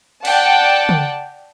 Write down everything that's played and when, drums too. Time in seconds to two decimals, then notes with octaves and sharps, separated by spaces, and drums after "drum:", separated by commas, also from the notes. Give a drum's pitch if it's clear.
0.25 D5 F#5 G5 A5, drum: cymbal
0.89 drum: tom